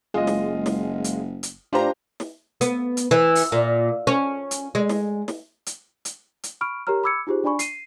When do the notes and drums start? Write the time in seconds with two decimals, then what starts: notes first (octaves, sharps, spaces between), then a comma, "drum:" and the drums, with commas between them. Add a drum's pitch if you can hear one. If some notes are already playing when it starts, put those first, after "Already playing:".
0.14 F#1 G#3 F4 D#5
0.27 drum: snare
0.66 drum: snare
1.04 drum: hi-hat
1.43 drum: hi-hat
1.73 A2 D4 F4 G4 C5 A#5
2.20 drum: snare
2.61 B3, drum: hi-hat
2.97 drum: hi-hat
3.11 E3
3.35 drum: open hi-hat
3.52 A#2
4.07 C#4
4.51 drum: hi-hat
4.75 G#3
4.89 drum: snare
5.28 drum: snare
5.66 drum: hi-hat
6.05 drum: hi-hat
6.43 drum: hi-hat
6.61 B5 C#6 F6 D7
6.87 G4 A#4 C#5 A#5 F6
7.04 B5 D6 E6 G#6 C#7
7.27 D#4 F4 G4 G#4 C5
7.44 D4 D5 G#5 B5 C#6
7.59 C7 D#7, drum: hi-hat